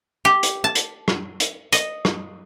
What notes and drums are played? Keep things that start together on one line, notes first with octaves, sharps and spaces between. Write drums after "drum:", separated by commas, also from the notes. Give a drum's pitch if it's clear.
G4
drum: hi-hat
A5
drum: hi-hat
drum: rim click
drum: hi-hat
D#5, drum: hi-hat
drum: rim click